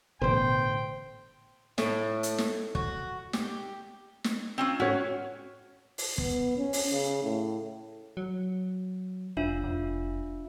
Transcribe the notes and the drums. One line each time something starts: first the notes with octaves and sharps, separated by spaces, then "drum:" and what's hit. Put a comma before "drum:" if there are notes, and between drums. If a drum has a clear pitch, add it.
A1 B2 D3 C5 G5
A2, drum: snare
drum: hi-hat
drum: snare
F#4, drum: kick
G4, drum: snare
drum: snare
C4 C#4 F4
C#4 F#4 C#5
drum: open hi-hat
B3, drum: kick
C#4
drum: open hi-hat
C#3
A2
F#3
F1 D4 F4 E5
F1